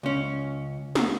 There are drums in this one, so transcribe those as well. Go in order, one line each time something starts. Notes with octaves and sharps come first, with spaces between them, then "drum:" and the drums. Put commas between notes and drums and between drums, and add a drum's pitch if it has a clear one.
C#2 C#4
drum: snare